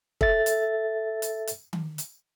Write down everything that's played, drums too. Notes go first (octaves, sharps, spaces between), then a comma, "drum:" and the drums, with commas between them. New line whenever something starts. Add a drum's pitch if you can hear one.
A4 E5 A6, drum: kick
drum: hi-hat
drum: hi-hat
drum: hi-hat
drum: tom D#3
drum: hi-hat